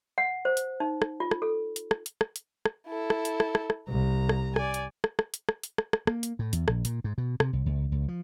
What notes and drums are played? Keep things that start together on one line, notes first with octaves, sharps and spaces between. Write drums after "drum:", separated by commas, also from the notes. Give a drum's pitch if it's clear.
F#5
C5
drum: hi-hat
D#4
drum: rim click
F4
drum: rim click
A4
drum: hi-hat
drum: rim click
drum: hi-hat
drum: rim click
drum: hi-hat
drum: rim click
E4 A4
drum: rim click
drum: hi-hat
drum: rim click
drum: rim click
drum: rim click
C2 A#5
drum: rim click
D5 G#5, drum: rim click
drum: hi-hat
drum: rim click
drum: rim click
drum: hi-hat
drum: rim click
drum: hi-hat
drum: rim click
drum: rim click
A#3, drum: rim click
drum: hi-hat
A2
E2, drum: hi-hat
A#1, drum: rim click
A#2, drum: hi-hat
G#2
B2
C3, drum: rim click
C2
C#2
C#2
F3